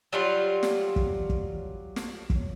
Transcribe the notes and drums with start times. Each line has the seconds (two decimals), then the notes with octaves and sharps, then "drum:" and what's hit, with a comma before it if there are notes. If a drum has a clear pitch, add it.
0.13 F#3 G3 F4
0.63 drum: snare
0.96 drum: kick
1.29 drum: kick
1.96 drum: snare
2.30 drum: kick